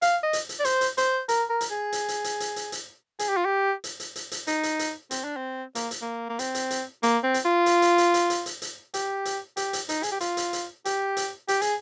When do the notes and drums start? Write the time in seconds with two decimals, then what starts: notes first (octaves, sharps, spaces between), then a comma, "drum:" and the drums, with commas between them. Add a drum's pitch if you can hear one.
0.02 F5, drum: hi-hat
0.23 D#5
0.33 drum: hi-hat
0.49 drum: hi-hat
0.59 D5
0.65 C5, drum: hi-hat
0.81 drum: hi-hat
0.98 C5, drum: hi-hat
1.29 A#4, drum: hi-hat
1.49 A#4
1.61 drum: hi-hat
1.71 G#4
1.93 drum: hi-hat
2.08 drum: hi-hat
2.24 drum: hi-hat
2.40 drum: hi-hat
2.56 drum: hi-hat
2.72 drum: hi-hat
3.19 G#4, drum: hi-hat
3.29 G4
3.37 F4
3.45 G4
3.84 drum: hi-hat
4.00 drum: hi-hat
4.16 drum: hi-hat
4.32 drum: hi-hat
4.47 D#4, drum: hi-hat
4.63 drum: hi-hat
4.79 drum: hi-hat
5.11 C4, drum: hi-hat
5.24 D4
5.36 C4
5.75 A#3, drum: hi-hat
5.91 drum: hi-hat
6.02 A#3
6.29 A#3
6.39 C4, drum: hi-hat
6.55 drum: hi-hat
6.70 drum: hi-hat
7.03 A#3, drum: hi-hat
7.24 C4
7.34 drum: hi-hat
7.45 F4
7.66 drum: hi-hat
7.82 drum: hi-hat
7.98 drum: hi-hat
8.14 drum: hi-hat
8.30 drum: hi-hat
8.46 drum: hi-hat
8.62 drum: hi-hat
8.94 G4, drum: hi-hat
9.25 drum: hi-hat
9.57 G4, drum: hi-hat
9.73 drum: hi-hat
9.89 D#4, drum: hi-hat
10.03 G#4, drum: hi-hat
10.12 G4
10.21 F4, drum: hi-hat
10.37 drum: hi-hat
10.53 drum: hi-hat
10.85 G4, drum: hi-hat
11.17 drum: hi-hat
11.48 G4, drum: hi-hat
11.62 G#4, drum: hi-hat